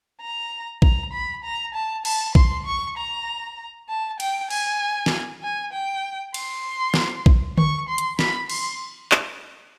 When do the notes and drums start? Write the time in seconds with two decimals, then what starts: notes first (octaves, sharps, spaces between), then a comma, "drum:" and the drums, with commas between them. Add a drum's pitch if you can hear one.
0.21 A#5
0.82 A#5, drum: kick A#1
1.13 B5
1.43 A#5
1.74 A5
2.05 A5, drum: cymbal
2.35 C6, drum: kick A#1
2.66 C#6
2.97 A#5
3.89 A5
4.20 G5, drum: cymbal
4.50 G#5, drum: cymbal
5.06 drum: snare
5.43 G#5
5.73 G5
6.34 C6, drum: cymbal
6.94 drum: snare
7.26 drum: kick A#1
7.58 C#6, drum: tom D3
7.88 C6
7.98 drum: hi-hat
8.19 B5, drum: snare
8.50 C6, drum: cymbal
9.11 drum: clap